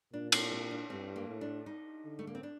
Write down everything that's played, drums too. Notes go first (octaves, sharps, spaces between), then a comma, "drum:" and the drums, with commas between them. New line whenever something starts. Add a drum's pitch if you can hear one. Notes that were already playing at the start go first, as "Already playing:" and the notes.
A#2 D4
C4, drum: cymbal
C4
D4
G2 C4
A#3
A2
D4
D#4
D3
A3
A#3
C4
D4